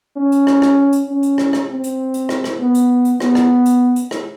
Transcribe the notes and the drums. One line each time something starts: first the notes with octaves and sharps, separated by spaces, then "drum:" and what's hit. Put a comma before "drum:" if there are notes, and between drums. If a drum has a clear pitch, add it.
C#4
drum: hi-hat
drum: rim click
drum: rim click
drum: hi-hat
C#4
drum: hi-hat
drum: rim click
drum: rim click
C4
drum: hi-hat
drum: hi-hat
drum: rim click
drum: rim click
B3
drum: hi-hat
drum: hi-hat
B3, drum: rim click
drum: rim click
drum: hi-hat
drum: hi-hat
drum: rim click